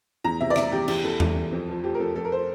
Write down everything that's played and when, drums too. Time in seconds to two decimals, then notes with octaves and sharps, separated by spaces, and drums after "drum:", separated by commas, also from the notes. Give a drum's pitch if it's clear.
0.24 E2 A#5
0.41 C3 E5
0.50 D5
0.56 C3 E5, drum: rim click
0.72 E2 G4
0.88 E2 G4, drum: cymbal
1.04 E2 A4
1.20 E3, drum: tom E2
1.36 E2
1.52 F2
1.69 F3
1.84 F3 G4
1.95 A#4
2.00 F2 A4
2.16 F2 A4
2.25 A#4
2.32 C5